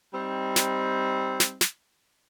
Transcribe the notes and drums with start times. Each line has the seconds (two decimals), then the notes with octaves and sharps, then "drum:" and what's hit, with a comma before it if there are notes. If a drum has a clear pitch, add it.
0.14 G3 C4 D#4
0.56 drum: snare
1.40 drum: snare
1.61 drum: snare